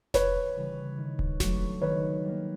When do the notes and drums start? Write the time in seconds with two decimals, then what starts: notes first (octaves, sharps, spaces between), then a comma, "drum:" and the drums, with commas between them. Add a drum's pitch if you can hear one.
0.14 D2 B4 C#5, drum: snare F1
0.56 C#3 E3 G3
0.98 D#3
1.19 drum: kick D1
1.40 F#3 A3 D4 F#4, drum: snare F1
1.82 D#3 B4 C#5
2.23 G3 A#3